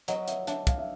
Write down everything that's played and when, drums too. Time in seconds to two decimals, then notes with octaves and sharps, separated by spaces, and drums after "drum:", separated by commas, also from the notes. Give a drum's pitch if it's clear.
0.08 F#3 D#5, drum: hi-hat
0.28 E5, drum: hi-hat
0.47 D4 E5, drum: hi-hat
0.67 F5, drum: kick, hi-hat
0.78 E5